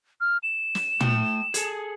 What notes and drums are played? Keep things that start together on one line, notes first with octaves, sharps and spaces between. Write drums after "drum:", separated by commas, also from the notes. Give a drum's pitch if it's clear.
F6
E7
drum: snare
A3 G5, drum: tom
G#4 A4, drum: hi-hat